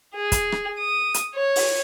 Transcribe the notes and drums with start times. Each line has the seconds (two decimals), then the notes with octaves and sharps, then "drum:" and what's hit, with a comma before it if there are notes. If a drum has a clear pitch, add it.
0.15 G#4
0.32 drum: kick, hi-hat
0.52 drum: rim click
0.79 D#6
1.14 drum: hi-hat
1.35 C#5
1.56 drum: open hi-hat